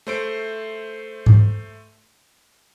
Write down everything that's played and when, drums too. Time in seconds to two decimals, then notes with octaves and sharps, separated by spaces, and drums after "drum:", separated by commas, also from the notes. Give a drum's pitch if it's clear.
0.07 A3 C5 D7
1.26 drum: tom G#2